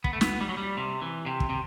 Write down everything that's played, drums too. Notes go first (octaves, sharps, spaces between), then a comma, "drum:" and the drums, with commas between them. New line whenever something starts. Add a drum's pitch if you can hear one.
B3, drum: kick
A3
B3, drum: snare
G3
F#3
G3
C3
E3
C3
drum: kick
C3